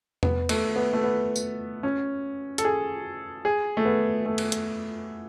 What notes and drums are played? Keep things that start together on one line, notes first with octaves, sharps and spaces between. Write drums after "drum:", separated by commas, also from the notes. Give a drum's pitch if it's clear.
B3, drum: tom E2
A3, drum: cymbal
B3
A3
B3
drum: tambourine
C#4
A4, drum: hi-hat
G#4
G#4
A3
B3
A3
drum: cymbal
drum: hi-hat